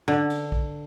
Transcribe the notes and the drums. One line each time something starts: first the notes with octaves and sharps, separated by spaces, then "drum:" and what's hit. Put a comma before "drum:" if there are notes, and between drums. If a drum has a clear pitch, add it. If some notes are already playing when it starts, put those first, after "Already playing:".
D3
drum: cymbal
drum: kick